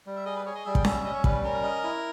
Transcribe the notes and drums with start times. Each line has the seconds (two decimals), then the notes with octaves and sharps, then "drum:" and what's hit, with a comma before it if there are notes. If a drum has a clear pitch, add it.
0.06 G3
0.16 E5
0.26 G#4 D#5
0.36 B4
0.46 G#4 C#5
0.56 D#5
0.66 G3 E5
0.75 G5, drum: kick
0.85 C#4 E5, drum: snare C#4
1.04 C#4 D#5
1.14 C#5
1.24 G3 B4, drum: kick
1.43 C#4 A#4
1.63 D#5
1.83 E4